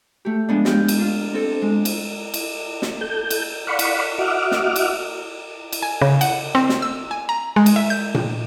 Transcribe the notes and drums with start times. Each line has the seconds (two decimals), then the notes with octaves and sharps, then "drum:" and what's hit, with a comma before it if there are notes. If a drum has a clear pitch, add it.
0.25 A3 G4
0.49 F3 G#3 B3 D4
0.65 G#3 F4 G4, drum: snare
0.88 drum: cymbal
0.99 D4 F4
1.34 C4 A4
1.62 G#3
1.85 drum: cymbal
2.34 drum: cymbal
2.82 drum: snare
3.01 A4 G6
3.30 drum: cymbal
3.67 D5 F5 F#5 B5 C#6
3.79 drum: cymbal
4.19 F#4 D#5 E5 F#5 D6 F6
4.51 drum: snare
4.76 drum: cymbal
5.72 drum: cymbal
5.83 G#5
6.02 C#3
6.21 F#5, drum: cymbal
6.55 C4
6.69 drum: snare
6.82 E6
7.11 G#5
7.29 A#5
7.56 G#3
7.66 drum: cymbal
7.76 E5
7.90 G6
8.14 drum: tom A#2